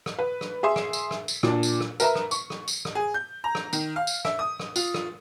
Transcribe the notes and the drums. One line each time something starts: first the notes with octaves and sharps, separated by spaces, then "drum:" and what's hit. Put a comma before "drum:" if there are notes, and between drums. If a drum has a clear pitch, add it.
drum: rim click
B4
drum: rim click
G#4 E5 C6
drum: rim click
drum: tambourine
drum: rim click
drum: tambourine
A#2 D4, drum: rim click
drum: tambourine
drum: rim click
A#4 B4 E5 A#5, drum: tambourine
drum: rim click
C#6, drum: tambourine
drum: rim click
drum: tambourine
drum: rim click
G#4
G6
A#5
drum: rim click
D#3, drum: tambourine
F5
drum: tambourine
E5, drum: rim click
D#6
drum: rim click
F4, drum: tambourine
drum: rim click